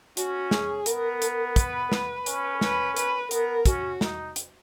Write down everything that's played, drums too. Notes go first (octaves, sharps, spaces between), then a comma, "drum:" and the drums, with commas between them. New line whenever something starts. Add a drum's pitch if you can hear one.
C#4 F#4, drum: hi-hat
G#4, drum: snare
B3 A#4, drum: hi-hat
A#4, drum: hi-hat
B4, drum: kick, hi-hat
B4, drum: snare
C#4, drum: hi-hat
B4, drum: snare
B4, drum: hi-hat
B3 A#4, drum: hi-hat
C#4 F#4, drum: kick, hi-hat
D#4, drum: snare
drum: hi-hat